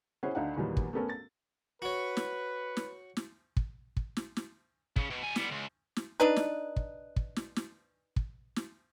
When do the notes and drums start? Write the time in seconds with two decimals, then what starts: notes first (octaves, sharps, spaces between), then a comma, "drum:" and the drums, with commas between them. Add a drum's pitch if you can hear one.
0.23 C#4 E4 G#4 C5 C#5 F#5
0.35 D2 D4 D#4 F5 F#5
0.57 E2 A#2 D#3 F#3 G3 B3
0.77 drum: kick
0.93 A3 B3 C#4 A4 A#4
1.09 A6
1.82 F#4 B4 C#5
2.17 drum: snare
2.77 drum: snare
3.17 drum: snare
3.57 drum: kick
3.97 drum: kick
4.17 drum: snare
4.37 drum: snare
4.96 C#3, drum: kick
5.10 B2
5.22 G3 G#5
5.36 G3 B3, drum: snare
5.51 C#2
5.96 drum: snare
6.20 D4 D#4 B4
6.36 drum: snare
6.76 drum: kick
7.16 drum: kick
7.36 drum: snare
7.56 drum: snare
8.16 drum: kick
8.56 drum: snare